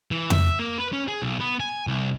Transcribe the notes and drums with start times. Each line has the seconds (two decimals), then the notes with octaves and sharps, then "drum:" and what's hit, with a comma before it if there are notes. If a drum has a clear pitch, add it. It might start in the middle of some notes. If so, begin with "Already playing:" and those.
0.11 E3
0.30 E5, drum: tom F2
0.59 A#3
0.78 B4
0.93 C#4
1.08 G#4
1.22 B1
1.40 B3
1.60 G#5
1.87 C2